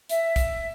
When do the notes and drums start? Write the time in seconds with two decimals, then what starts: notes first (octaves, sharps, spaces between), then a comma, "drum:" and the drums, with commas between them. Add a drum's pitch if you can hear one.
0.09 E5, drum: hi-hat
0.36 drum: kick, hi-hat